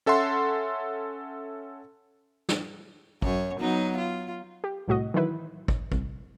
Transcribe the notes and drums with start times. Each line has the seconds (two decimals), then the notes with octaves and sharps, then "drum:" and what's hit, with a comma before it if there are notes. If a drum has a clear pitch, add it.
0.06 C#4 A4 E5 F#5 C6
2.49 drum: snare
3.22 F#2 C#5, drum: kick
3.60 F#3 B3 D#4
3.98 F4
4.64 G4
4.88 C2 A2 F#4 D#5
5.14 D#3 E3 F#3 E4 B4
5.68 drum: kick
5.92 C2, drum: kick